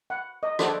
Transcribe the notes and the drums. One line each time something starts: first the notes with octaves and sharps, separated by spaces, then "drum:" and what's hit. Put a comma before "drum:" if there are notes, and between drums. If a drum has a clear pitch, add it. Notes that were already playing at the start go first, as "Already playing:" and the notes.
F#5
D#5
D4 F#4 A4 C5 D5, drum: rim click